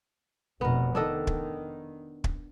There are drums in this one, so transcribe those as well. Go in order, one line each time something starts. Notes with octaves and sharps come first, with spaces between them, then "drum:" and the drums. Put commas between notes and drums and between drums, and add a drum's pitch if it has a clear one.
F1 B2 B3 A#4
D#3 D4 A4 D#5
drum: kick
drum: kick